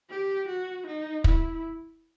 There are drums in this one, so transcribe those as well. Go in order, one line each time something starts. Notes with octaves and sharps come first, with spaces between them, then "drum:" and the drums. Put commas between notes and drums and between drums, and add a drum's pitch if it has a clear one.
G4
F#4
D#4
E4, drum: kick